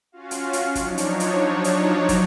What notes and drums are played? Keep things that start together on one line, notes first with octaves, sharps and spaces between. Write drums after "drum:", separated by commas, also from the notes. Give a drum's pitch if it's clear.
C#4 F4 F#4 F5
drum: hi-hat
drum: hi-hat
F3 F#3 D4 D#4 C#5, drum: kick, hi-hat
drum: hi-hat
drum: hi-hat
drum: hi-hat
drum: kick, hi-hat